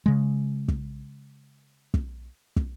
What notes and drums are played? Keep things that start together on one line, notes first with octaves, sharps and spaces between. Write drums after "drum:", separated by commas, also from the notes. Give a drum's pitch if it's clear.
C#3 G#3
drum: kick
drum: kick
drum: kick